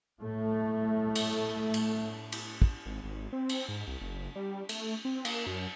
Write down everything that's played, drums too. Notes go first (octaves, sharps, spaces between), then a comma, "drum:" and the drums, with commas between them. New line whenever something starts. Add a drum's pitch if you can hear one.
A2 A3
drum: cymbal
drum: cymbal
drum: cymbal
drum: kick
G#1
G#1
C4
drum: cymbal
G#2
C2
F#1
G3
A3, drum: cymbal
C4
A#3, drum: cymbal
F#2